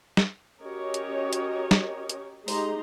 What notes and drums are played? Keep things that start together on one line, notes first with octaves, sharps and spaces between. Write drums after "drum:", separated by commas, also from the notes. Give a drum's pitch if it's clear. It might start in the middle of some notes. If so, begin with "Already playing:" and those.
drum: snare
C#4 F#4 G4 A#4 C#5 D#5
drum: hi-hat
drum: hi-hat
drum: snare
drum: hi-hat
G#3 D#4 G4 A#5 C6, drum: open hi-hat